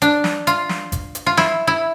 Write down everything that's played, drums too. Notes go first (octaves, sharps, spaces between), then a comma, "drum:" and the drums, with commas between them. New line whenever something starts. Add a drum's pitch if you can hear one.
D4, drum: hi-hat
drum: snare
F4, drum: hi-hat
drum: snare
drum: kick G#1, hi-hat
drum: hi-hat
F4
E4, drum: snare
E4